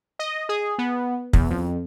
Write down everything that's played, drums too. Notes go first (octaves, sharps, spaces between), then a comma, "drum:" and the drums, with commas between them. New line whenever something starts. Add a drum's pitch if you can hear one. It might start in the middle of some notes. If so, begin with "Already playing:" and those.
D#5
G#4
B3
E2, drum: kick
F2